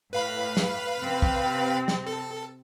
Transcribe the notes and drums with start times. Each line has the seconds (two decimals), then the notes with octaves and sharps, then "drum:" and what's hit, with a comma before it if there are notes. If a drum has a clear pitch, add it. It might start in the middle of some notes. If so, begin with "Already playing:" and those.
0.13 A2 B4 F5 B5
0.57 drum: snare
1.00 C3 C4
1.22 drum: kick
1.88 drum: snare
2.06 A4